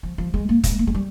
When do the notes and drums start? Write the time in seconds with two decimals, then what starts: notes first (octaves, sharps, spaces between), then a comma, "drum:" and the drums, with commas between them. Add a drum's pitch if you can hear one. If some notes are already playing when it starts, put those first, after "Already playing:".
0.03 F3
0.18 F3
0.34 G#3
0.49 A#3
0.64 G#3, drum: kick, hi-hat
0.79 A#3
0.87 G#3
0.95 G3